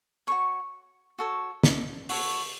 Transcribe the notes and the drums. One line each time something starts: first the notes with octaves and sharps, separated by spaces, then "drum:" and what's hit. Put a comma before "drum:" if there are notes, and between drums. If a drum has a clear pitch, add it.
F#4 A4 C#5 C#6
F#4 A4 C#5
drum: snare
F#4 A4 C#5, drum: open hi-hat